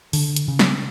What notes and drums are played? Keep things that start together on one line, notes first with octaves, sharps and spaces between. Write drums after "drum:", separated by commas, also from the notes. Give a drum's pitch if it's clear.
D3, drum: open hi-hat
drum: hi-hat
C#3
drum: snare